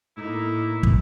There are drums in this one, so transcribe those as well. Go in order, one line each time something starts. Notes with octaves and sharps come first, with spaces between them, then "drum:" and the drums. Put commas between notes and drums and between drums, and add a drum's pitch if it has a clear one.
A2 A#3 D#4 E4
drum: kick